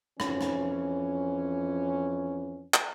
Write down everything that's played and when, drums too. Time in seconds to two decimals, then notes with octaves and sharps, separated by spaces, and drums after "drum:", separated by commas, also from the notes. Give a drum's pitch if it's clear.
0.20 F2 E3 F3 C#4, drum: rim click
0.41 drum: rim click
2.74 drum: clap